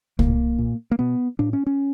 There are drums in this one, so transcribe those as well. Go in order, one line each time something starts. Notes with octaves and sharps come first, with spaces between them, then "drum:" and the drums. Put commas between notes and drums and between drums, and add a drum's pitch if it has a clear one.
A2 A#3, drum: kick C2
A#2
A#3
B2 B3
A2 D4
C#4
C#4